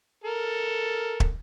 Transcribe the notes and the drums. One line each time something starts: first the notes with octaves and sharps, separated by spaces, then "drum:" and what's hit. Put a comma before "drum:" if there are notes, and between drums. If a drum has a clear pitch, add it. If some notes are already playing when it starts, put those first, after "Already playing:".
A4 A#4
drum: kick